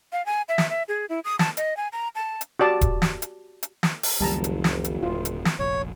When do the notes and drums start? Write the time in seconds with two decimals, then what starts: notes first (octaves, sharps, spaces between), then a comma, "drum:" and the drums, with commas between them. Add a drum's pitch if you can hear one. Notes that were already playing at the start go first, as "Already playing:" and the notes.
0.12 F5
0.26 G#5
0.49 E5
0.58 drum: snare
0.70 E5
0.88 G#4
1.09 E4
1.24 D#6
1.39 A5, drum: snare
1.57 D#5, drum: hi-hat
1.77 G#5
1.93 A#5
2.15 A5
2.41 drum: hi-hat
2.60 F#4 G4 D5 A5
2.81 drum: kick D#1, hi-hat
3.02 drum: snare
3.22 drum: hi-hat
3.63 drum: hi-hat
3.83 drum: snare
4.03 drum: open hi-hat
4.20 F#1 C#2 D#3 F3 G3 A5 A#5
4.44 drum: hi-hat
4.64 drum: snare
4.84 drum: hi-hat
5.03 D1 F4
5.25 drum: hi-hat
5.45 drum: snare
5.59 F1 A#1 C#5